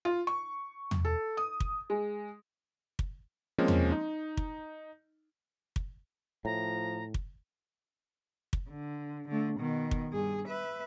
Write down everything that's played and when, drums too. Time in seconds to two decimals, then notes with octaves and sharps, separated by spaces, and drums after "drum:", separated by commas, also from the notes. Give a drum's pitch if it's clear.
0.05 F4
0.27 C#6
0.91 drum: tom
1.05 A4
1.37 D#6
1.60 drum: kick
1.90 G#3
2.99 drum: kick
3.58 F3 G#3 A#3 C4 C#4
3.68 drum: tom
3.92 D#4
4.37 drum: kick
5.76 drum: kick
6.45 A2 F3 A#5
7.14 drum: kick
8.53 drum: kick
8.70 D3
9.28 D3 A3
9.59 B2 D#3
9.91 drum: kick
10.12 G2 G#4
10.47 B4 E5